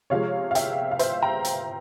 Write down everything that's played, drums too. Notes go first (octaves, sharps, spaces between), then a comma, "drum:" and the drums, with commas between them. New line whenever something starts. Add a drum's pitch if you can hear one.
C3 F3 G#3 C#5 F5
F5
E5 G5, drum: hi-hat
F5
C5 E5, drum: hi-hat
G5 A#5
drum: hi-hat